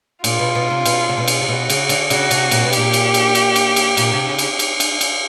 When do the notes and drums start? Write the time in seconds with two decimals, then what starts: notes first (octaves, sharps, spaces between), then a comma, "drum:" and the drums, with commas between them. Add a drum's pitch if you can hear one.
0.24 A#2 F4, drum: cymbal
0.39 B2
0.55 B2
0.70 C3
0.85 B2, drum: cymbal
1.09 C3
1.18 B2
1.28 drum: cymbal
1.41 C3
1.48 B2 F#4
1.70 C#3, drum: cymbal
1.89 D3, drum: cymbal
2.10 C#3 F#4, drum: cymbal
2.31 C3, drum: cymbal
2.51 A#2, drum: cymbal
2.65 B2
2.73 A#2 G4, drum: cymbal
2.93 drum: cymbal
3.14 drum: cymbal
3.35 drum: cymbal
3.56 drum: cymbal
3.76 drum: cymbal
3.97 A#2, drum: cymbal
4.13 C3
4.29 C#3
4.39 drum: cymbal
4.59 drum: cymbal
4.80 drum: cymbal
5.01 drum: cymbal